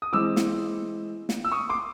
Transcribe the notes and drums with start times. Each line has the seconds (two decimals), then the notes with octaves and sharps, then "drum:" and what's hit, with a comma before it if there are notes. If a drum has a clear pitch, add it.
0.02 D#6
0.13 E3 G#3 C4 D6 E6
0.36 drum: snare
1.29 drum: snare
1.45 E6
1.52 C#6 D#6
1.69 C6 D6